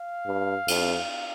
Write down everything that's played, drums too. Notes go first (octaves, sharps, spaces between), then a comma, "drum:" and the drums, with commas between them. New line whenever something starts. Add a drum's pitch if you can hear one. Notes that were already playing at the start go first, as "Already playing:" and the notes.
Already playing: F5
G2
F2, drum: cymbal